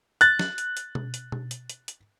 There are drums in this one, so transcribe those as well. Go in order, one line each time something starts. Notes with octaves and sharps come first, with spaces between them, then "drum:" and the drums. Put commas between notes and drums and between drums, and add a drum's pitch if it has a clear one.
F#6 A6, drum: hi-hat
drum: snare
drum: hi-hat
drum: hi-hat
drum: tom B2
drum: hi-hat
drum: tom B2
drum: hi-hat
drum: hi-hat
drum: hi-hat